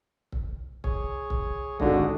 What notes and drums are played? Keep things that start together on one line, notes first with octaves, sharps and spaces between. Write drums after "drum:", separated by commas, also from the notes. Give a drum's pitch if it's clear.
drum: kick C#1
G#4 C#5, drum: kick C#1
drum: kick C#1
G#1 D3 D#3 F4 F#4 G#4 D#5, drum: kick C#1